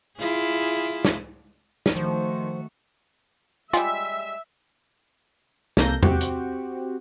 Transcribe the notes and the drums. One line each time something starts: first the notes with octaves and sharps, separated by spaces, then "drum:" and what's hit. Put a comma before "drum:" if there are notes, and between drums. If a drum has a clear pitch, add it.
E4 F4 G#4
drum: snare
drum: snare
D#3 F3 A3 F#4 C5
G3 G#3 F4 E5, drum: hi-hat
C2 A#3 A4 G6 A#6, drum: snare
C4 F#4 G4, drum: tom E2
drum: hi-hat